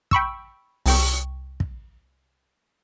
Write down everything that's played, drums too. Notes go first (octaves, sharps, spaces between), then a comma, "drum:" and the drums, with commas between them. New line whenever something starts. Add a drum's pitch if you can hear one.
G5 B5 C#6 E6, drum: kick
C2 G5 C#6, drum: open hi-hat
drum: kick